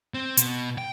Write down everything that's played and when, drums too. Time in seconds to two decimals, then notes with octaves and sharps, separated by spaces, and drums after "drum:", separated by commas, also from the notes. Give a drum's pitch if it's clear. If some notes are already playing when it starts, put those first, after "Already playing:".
0.14 C4
0.37 B2, drum: hi-hat
0.78 G5